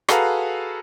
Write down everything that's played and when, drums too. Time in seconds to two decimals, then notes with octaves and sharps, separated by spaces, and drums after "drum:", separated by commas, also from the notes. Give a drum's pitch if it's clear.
0.09 F#4 G#4 A4 B4 F5 A#5, drum: rim click